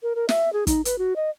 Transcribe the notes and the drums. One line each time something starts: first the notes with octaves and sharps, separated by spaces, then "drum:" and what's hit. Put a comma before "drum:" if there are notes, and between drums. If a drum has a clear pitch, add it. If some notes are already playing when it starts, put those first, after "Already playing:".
A#4
A#4
E5, drum: snare
G#4
D#4, drum: kick, hi-hat
B4, drum: hi-hat
F#4
D#5